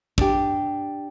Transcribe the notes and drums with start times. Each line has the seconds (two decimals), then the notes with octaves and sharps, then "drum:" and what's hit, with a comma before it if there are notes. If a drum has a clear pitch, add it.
0.18 D4 G4, drum: kick